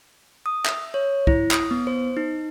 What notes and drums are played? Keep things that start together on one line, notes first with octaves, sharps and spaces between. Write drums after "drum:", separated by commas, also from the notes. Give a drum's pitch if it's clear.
D#6
E5, drum: clap
C#5
E4, drum: kick
D#6, drum: clap
B3
C5
D#4